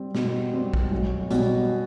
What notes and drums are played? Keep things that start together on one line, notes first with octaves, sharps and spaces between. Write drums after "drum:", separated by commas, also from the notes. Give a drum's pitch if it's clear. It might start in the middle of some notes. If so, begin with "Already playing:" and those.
Already playing: G3 C4
B2, drum: snare
G3 C4
drum: kick
B1
B2 G3, drum: hi-hat